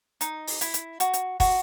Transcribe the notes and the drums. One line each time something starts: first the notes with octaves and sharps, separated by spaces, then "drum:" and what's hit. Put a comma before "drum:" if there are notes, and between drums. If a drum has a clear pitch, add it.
D#4, drum: hi-hat
drum: open hi-hat
E4, drum: hi-hat
drum: hi-hat
F#4, drum: hi-hat
drum: hi-hat
F#4, drum: kick, open hi-hat